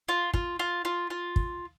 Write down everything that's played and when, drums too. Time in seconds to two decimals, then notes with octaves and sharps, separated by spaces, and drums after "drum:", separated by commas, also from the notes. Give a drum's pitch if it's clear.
0.09 F4
0.34 F4, drum: kick
0.59 F4
0.85 F4
1.10 F4
1.36 drum: kick